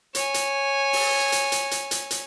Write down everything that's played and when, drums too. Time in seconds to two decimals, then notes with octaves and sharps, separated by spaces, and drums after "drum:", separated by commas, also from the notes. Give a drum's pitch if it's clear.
0.15 C#5 G#5, drum: hi-hat
0.34 drum: hi-hat
0.93 drum: open hi-hat
1.32 drum: hi-hat
1.52 drum: hi-hat
1.71 drum: hi-hat
1.91 drum: hi-hat
2.11 drum: hi-hat